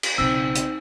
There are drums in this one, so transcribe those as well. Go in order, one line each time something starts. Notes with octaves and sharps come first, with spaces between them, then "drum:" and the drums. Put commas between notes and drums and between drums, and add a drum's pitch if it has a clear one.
drum: cymbal
B1 C#3 C4 D#4 E6
drum: hi-hat